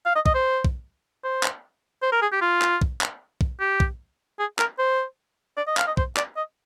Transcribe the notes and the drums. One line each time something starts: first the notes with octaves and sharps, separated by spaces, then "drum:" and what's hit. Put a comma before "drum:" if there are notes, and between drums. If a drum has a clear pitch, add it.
F5
D#5
D#5, drum: kick
C5
drum: kick
C5
drum: clap
C5
A#4
G#4
G4
F4
drum: clap
drum: kick
drum: clap
drum: kick
G4
drum: kick
G#4
A#4, drum: clap
C5
D5
D#5
F5, drum: clap
D#5
C5, drum: kick
D5, drum: clap
D#5